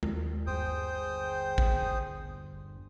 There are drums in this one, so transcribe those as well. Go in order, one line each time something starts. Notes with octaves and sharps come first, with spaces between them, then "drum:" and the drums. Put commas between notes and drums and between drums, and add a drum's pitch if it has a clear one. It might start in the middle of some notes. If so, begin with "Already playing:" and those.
D#2, drum: tom G#3
G1 G#4 C5 G5 D#6
drum: kick A1